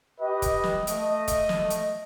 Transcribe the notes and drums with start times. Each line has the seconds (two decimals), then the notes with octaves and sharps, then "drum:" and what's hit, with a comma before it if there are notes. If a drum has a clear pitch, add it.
0.21 G4 B4 D#5
0.42 drum: kick, hi-hat
0.64 drum: snare
0.87 A3 D#5, drum: hi-hat
1.28 drum: kick, hi-hat
1.49 drum: snare
1.70 drum: hi-hat